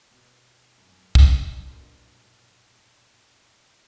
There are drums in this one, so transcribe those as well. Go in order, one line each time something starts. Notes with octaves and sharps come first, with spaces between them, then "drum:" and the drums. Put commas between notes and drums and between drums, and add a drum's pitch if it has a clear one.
B2
F#2
F2
F#2
drum: kick
G2
F#2
G2
A2
A#2
B2